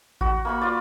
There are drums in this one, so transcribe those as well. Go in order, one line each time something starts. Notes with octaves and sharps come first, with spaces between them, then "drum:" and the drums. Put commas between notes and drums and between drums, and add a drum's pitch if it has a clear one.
F#4, drum: kick A1
A#3 B5 C#6
F4 D5